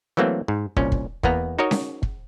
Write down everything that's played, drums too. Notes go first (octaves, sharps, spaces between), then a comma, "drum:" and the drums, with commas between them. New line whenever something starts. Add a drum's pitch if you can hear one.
E3 F#3 A3 A#3 C4
G#2
C2 A#2 C#4, drum: kick
drum: kick
E2 A#3 B3 A#5, drum: kick
D#4 F#4 A#4 C#5 D#5
drum: snare C#4
drum: kick